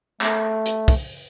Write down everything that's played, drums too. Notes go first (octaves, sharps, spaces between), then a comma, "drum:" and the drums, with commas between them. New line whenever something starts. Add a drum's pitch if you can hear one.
A3, drum: clap
drum: hi-hat
drum: kick, open hi-hat